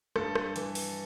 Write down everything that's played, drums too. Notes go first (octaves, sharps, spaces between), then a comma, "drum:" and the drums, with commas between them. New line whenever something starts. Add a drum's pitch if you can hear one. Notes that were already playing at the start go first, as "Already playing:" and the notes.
G2 A4, drum: rim click
drum: rim click
E3, drum: hi-hat
drum: open hi-hat